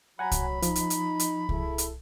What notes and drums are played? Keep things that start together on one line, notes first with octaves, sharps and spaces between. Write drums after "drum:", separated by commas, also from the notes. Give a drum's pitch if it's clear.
F#3 F#5 G#5 A#5 B5
drum: kick C2, hi-hat
F3 D#4, drum: hi-hat
drum: hi-hat
drum: hi-hat
drum: hi-hat
E4 G#4 A4, drum: kick C2
drum: hi-hat